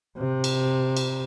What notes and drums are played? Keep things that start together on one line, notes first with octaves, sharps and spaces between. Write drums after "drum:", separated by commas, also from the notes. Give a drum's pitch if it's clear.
C3
drum: cymbal
drum: cymbal